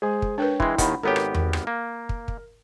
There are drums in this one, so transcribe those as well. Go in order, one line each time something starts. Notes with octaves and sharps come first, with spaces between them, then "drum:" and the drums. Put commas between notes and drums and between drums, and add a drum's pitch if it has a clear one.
G#3 G#4 C5 G#5
drum: kick
D4 A#4 B4 C#5 G5
E3 G#3 E4 G5 C6, drum: kick
D#2 D#3 F#5 B5, drum: kick, hi-hat
G#1 B3 G4 A4 A#4 C#5
drum: rim click
drum: tom E2
drum: rim click
A#3
drum: kick
drum: kick